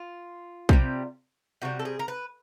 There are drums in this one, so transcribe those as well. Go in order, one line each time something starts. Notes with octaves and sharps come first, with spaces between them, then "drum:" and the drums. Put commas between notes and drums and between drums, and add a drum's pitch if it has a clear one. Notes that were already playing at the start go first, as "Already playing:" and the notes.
Already playing: F4
C3 D#3 G3, drum: kick
C3 D#3 G3 F#4
A4
G#4
A#4
B4